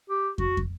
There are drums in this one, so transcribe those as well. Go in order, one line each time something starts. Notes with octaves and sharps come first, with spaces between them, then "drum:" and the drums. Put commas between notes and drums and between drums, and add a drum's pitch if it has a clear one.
G4
F#4, drum: kick
drum: kick